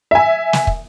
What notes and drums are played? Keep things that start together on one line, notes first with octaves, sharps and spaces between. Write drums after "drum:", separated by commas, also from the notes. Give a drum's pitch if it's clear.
E5 G#5
drum: snare
drum: kick